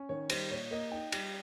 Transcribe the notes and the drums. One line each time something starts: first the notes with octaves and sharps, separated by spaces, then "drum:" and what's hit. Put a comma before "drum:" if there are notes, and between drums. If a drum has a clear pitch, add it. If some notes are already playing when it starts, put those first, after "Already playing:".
Already playing: C#4
D#3 C#5
G3 C5, drum: cymbal
A#2 C#5
A#3 D#5
D#4 G5
G3, drum: cymbal